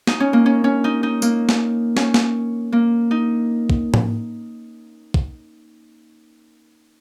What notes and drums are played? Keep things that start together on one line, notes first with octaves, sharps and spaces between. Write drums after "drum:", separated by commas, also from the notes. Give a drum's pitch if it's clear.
D#4, drum: snare
C#4
A#3
C#4
C#4
D#4
D#4
A#3, drum: tambourine
drum: snare
C#4, drum: snare
drum: snare
A#3
D#4
drum: kick
drum: tom A2
drum: kick